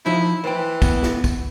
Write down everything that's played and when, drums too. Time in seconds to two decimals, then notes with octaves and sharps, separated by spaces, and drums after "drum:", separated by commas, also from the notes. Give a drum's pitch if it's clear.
0.06 F3 D#4 E4
0.44 E3 C5 G5
0.82 B3, drum: kick, tambourine
1.03 drum: snare
1.24 drum: kick, tambourine